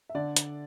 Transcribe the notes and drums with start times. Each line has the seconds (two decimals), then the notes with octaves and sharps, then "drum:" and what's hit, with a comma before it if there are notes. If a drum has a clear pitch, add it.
0.09 E5
0.15 D3 D5
0.36 drum: hi-hat